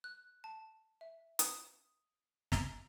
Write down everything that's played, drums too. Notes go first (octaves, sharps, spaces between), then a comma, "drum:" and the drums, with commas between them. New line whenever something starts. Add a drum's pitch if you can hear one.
F#6
A5
E5
D#6, drum: hi-hat
A#5, drum: snare